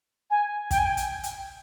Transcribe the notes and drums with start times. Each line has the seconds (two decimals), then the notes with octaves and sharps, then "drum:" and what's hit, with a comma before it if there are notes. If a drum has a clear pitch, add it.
0.30 G#5
0.71 G5, drum: kick, hi-hat
0.78 G#5
0.85 G5
0.97 drum: hi-hat
1.23 drum: hi-hat